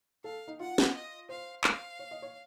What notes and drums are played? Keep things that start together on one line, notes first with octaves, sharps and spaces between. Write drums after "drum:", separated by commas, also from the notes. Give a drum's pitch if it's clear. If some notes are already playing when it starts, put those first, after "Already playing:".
A4 F5
D#4
F4 F#5
drum: snare
D#5
C5 F5
F5, drum: clap
C#5
D#5
C#5